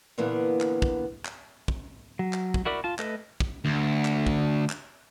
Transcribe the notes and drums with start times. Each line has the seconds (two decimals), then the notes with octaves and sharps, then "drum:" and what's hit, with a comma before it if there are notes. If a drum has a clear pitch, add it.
0.18 A#2 D3 E3 A#3 B3
0.61 drum: clap
0.82 drum: kick
1.25 drum: clap
1.68 drum: kick
2.19 F#3
2.33 drum: clap
2.54 drum: kick
2.65 E4 F#4 A#4 D5 B5
2.84 F4 A5
2.99 A3 A4 B4 D#5, drum: clap
3.40 drum: kick
3.65 D2
4.05 drum: clap
4.27 drum: kick
4.70 drum: clap